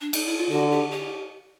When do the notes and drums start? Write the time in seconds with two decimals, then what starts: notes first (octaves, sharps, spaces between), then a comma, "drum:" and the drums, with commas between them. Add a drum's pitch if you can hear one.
0.01 D4
0.13 D#4, drum: cymbal
0.26 E4
0.38 F4
0.50 D3 F#4
0.72 G4
0.91 G4